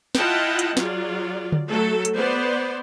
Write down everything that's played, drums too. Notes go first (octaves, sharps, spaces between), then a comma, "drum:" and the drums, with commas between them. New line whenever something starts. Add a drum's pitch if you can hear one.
E4 F4 D#5 F#5 G5 A5, drum: snare
drum: hi-hat
F#3 F4 G#4 D5, drum: snare
drum: tom D3
F#3 A3 A4
drum: hi-hat
B3 C5 D5